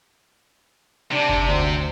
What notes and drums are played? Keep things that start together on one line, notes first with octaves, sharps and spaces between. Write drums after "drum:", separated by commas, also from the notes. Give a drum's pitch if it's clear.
C3 D4
drum: kick F#1
D2 C5